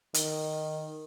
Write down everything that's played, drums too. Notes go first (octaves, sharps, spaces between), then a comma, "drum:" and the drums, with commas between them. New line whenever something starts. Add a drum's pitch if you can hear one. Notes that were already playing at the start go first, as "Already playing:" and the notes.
D#3, drum: hi-hat